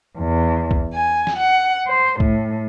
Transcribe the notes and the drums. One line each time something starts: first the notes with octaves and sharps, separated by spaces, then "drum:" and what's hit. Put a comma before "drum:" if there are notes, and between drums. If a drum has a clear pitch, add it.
E2
drum: kick
G#5
drum: snare
F#5
C5
A2, drum: kick